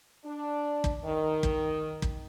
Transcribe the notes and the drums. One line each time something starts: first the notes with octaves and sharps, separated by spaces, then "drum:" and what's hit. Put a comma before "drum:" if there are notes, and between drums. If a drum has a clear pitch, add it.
D4
drum: kick
D#3
drum: kick
drum: kick